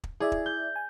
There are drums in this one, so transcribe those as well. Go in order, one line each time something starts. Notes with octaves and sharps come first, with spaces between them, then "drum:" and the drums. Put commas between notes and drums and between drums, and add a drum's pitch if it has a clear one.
drum: kick
E4 G#4 D5 E5
drum: kick
G6
G#5